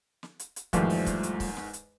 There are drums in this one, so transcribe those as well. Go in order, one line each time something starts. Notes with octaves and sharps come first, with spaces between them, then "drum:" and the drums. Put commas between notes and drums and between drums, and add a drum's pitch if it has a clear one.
drum: snare
drum: hi-hat
drum: hi-hat
E2 G#2 D#3 F3 G3 A3, drum: kick, hi-hat
drum: open hi-hat
drum: kick, hi-hat
drum: hi-hat
drum: kick, open hi-hat
drum: snare
drum: hi-hat